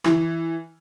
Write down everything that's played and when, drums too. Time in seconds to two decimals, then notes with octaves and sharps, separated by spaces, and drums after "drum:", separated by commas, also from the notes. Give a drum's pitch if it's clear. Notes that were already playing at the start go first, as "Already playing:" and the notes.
0.04 E3, drum: rim click